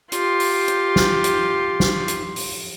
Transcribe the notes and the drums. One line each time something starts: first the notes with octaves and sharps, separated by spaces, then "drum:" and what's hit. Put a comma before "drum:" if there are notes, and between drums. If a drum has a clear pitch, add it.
F4 G4, drum: hi-hat
drum: open hi-hat
drum: hi-hat
drum: snare
drum: hi-hat
drum: snare
drum: hi-hat
drum: open hi-hat